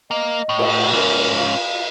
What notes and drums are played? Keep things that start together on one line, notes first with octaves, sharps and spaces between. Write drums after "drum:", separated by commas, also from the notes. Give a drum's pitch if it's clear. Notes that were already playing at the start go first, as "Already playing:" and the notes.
A#3 D#5
A2
drum: cymbal
F#5
G#2 C#4 A#4
F5